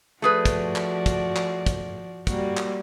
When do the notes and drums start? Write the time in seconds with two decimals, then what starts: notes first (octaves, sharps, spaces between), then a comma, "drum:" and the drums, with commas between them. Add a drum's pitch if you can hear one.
0.22 F3 A3 F#4 G#4 B4 D5
0.45 drum: kick, hi-hat
0.76 drum: clap
1.06 drum: kick, hi-hat
1.36 drum: clap
1.66 drum: kick, hi-hat
2.27 G3 A#3 F#4, drum: kick, hi-hat
2.57 drum: clap